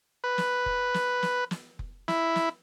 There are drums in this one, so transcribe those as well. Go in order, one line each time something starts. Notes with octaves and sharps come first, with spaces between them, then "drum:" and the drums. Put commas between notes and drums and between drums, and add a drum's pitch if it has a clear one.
B4
drum: snare
drum: kick F1
drum: snare
drum: snare
drum: snare
drum: kick F1
E4, drum: snare
drum: snare